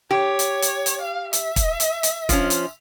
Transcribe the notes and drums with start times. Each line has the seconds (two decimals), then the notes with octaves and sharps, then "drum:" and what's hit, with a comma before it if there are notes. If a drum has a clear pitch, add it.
0.11 G4 C#5
0.39 drum: hi-hat
0.62 drum: hi-hat
0.86 drum: hi-hat
1.01 F5
1.33 E5, drum: hi-hat
1.56 drum: kick, hi-hat
1.80 drum: hi-hat
2.03 drum: hi-hat
2.29 F3 C#4, drum: kick, hi-hat
2.50 drum: hi-hat